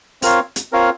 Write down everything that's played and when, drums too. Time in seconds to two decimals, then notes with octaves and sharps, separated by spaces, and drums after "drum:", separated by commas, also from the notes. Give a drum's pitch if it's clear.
0.22 C4 F4 A#4 C#5 F5, drum: open hi-hat
0.56 drum: hi-hat
0.72 C4 F4 A#4 C#5 F5